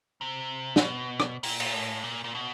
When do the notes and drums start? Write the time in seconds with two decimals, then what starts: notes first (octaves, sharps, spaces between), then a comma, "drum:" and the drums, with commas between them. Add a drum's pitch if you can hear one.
0.21 C3
0.76 A#2, drum: snare
0.82 B2
1.20 drum: rim click
1.43 A#2, drum: open hi-hat
1.60 drum: cymbal
1.73 A2
2.04 A#2
2.24 A#2
2.35 B2